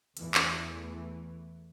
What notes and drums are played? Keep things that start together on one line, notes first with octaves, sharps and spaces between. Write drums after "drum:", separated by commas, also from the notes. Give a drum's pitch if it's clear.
E2 E3 A3, drum: hi-hat
drum: clap